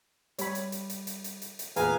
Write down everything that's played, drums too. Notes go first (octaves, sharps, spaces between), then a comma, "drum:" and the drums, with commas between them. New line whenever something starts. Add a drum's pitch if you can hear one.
G3 C#5 B5, drum: hi-hat
drum: hi-hat
drum: hi-hat
drum: hi-hat
drum: hi-hat
drum: hi-hat
drum: hi-hat
drum: hi-hat
E2 A#2 G#4 B4 F5 G#5 A#5, drum: hi-hat